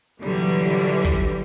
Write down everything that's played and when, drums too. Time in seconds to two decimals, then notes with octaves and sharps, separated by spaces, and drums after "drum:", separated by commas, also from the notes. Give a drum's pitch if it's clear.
0.23 A#1 D3 E3 F#3 G3, drum: hi-hat
0.77 drum: hi-hat
1.04 drum: kick, hi-hat